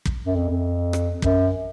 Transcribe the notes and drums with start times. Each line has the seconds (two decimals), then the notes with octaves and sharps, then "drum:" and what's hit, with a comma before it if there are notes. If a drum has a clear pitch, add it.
0.05 drum: kick
0.25 F#2
0.35 F2
0.49 F2
0.93 drum: rim click
1.22 F#2, drum: kick